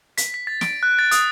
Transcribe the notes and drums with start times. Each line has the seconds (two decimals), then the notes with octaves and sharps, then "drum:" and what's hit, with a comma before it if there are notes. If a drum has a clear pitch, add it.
0.18 B6, drum: hi-hat
0.34 B6
0.47 A6
0.61 D7, drum: snare
0.83 F#6
0.99 A6
1.11 D#6, drum: hi-hat